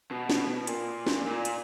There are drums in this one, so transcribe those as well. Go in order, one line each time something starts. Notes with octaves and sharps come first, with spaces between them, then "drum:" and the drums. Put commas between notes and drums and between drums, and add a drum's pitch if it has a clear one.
B2
drum: snare
A#2, drum: hi-hat
drum: snare
A#2
drum: hi-hat